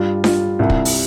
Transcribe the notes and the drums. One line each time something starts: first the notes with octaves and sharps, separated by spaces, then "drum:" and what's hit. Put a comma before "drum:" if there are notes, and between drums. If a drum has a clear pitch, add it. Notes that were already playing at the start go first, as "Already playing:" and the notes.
Already playing: G2 G3 F4
F4, drum: snare D4
C2
drum: kick
drum: open hi-hat